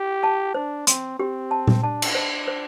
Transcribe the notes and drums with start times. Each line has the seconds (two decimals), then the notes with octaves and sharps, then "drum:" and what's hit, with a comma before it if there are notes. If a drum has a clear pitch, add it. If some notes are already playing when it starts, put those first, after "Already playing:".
Already playing: G4
0.23 A5
0.54 D4 C5
0.87 C4 C6, drum: hi-hat
1.19 C4 G4
1.51 A5
1.67 drum: tom A#2
1.83 D4 A5
2.02 drum: cymbal
2.15 C5
2.48 C5